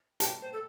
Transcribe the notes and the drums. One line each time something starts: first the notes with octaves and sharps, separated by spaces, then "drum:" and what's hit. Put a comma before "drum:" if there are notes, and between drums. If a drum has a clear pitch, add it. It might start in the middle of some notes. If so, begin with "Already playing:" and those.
G4 A5, drum: hi-hat
C5
A4